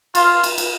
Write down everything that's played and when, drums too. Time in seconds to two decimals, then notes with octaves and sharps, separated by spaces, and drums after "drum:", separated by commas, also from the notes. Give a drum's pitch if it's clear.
0.15 F4, drum: cymbal
0.44 drum: cymbal
0.58 drum: cymbal